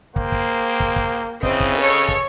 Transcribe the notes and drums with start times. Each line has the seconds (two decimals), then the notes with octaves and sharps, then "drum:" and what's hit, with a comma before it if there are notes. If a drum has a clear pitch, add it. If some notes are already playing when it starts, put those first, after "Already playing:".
0.16 A#3 G#4 C5 G5, drum: kick
0.32 drum: kick
0.80 drum: kick
0.96 drum: kick
1.43 C#3 C4 E4 D#5, drum: kick
1.60 drum: kick
1.80 A4 C#5 D#5 C#7
2.08 drum: kick